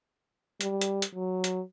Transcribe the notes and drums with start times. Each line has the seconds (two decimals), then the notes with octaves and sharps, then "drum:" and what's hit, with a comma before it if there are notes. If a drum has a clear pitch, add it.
0.61 G3, drum: hi-hat
0.81 drum: hi-hat
1.02 drum: hi-hat
1.15 F#3
1.44 drum: hi-hat